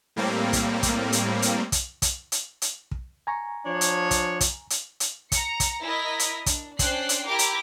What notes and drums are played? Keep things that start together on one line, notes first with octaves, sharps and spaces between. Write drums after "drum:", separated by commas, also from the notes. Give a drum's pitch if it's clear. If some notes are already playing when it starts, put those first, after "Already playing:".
A2 G3 A#3 C4
drum: kick, hi-hat
drum: kick, hi-hat
drum: hi-hat
drum: hi-hat
drum: kick, hi-hat
drum: kick, hi-hat
drum: hi-hat
drum: hi-hat
drum: kick
G#5 A#5 C#6
F3 D4 C#5
drum: hi-hat
drum: kick, hi-hat
drum: kick, hi-hat
drum: hi-hat
drum: hi-hat
A#5 C#7, drum: kick, hi-hat
drum: kick, hi-hat
E4 A#4 D#5 B6
drum: hi-hat
D4, drum: kick, hi-hat
C#4 D4 C5 G5 F#6 C7, drum: kick, hi-hat
drum: hi-hat
E4 G4 A#4 G5 D6
drum: hi-hat